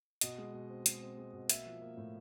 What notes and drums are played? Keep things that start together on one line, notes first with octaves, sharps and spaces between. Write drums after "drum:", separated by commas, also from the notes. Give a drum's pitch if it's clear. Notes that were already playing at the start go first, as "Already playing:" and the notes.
B2 D#5, drum: hi-hat
G#3
B2
C4
G#3, drum: hi-hat
C4
G#3
B2
A#3 E5, drum: hi-hat
F3
A#3
A2